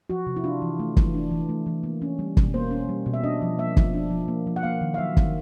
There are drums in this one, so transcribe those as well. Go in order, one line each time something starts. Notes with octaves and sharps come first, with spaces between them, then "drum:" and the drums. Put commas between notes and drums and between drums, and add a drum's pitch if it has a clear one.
F3 F#4
C3
E4
D4 F4
E3
A3
E3, drum: kick
D4
E3
A3
E3
A#3
C#4
G3
B2, drum: kick
A#3 C5
C#4
G3
B2
E5
D4 D#5
F3
A#3 E5
F3, drum: kick
D4
F3
A#3
F3
F#5
A#3 F5
D#3
F5
F#3 E5
D#3, drum: kick